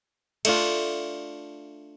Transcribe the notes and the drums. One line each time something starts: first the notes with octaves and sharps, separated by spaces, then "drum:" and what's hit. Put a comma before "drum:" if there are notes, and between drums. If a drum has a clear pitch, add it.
A3 D4 F4, drum: cymbal